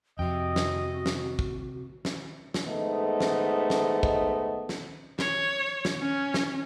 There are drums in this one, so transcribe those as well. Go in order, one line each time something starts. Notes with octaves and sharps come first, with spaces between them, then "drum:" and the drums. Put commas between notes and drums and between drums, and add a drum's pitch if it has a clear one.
F2 C3 F#4 D#5 G5
drum: snare
drum: snare
drum: kick
drum: snare
drum: snare
G#2 A3 B3 D#5
drum: snare
drum: snare
drum: kick
drum: snare
C#5, drum: snare
drum: snare
C#4
drum: snare